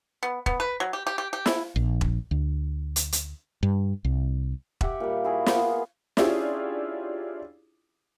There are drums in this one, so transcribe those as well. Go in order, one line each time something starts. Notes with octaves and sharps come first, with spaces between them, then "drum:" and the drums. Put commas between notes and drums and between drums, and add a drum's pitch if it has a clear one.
B3
B3, drum: kick E1
B4
F#3
G4
G4
G4
G4
E4, drum: snare
A#1
drum: kick E1
D2
drum: hi-hat
drum: hi-hat
G2
C2
G4 E5 F#5, drum: kick E1
A#2 G3
E4 F#4 G#4
A#3 B3 F4 B4, drum: snare
C#4 D4 E4 F4 G4 G#4, drum: snare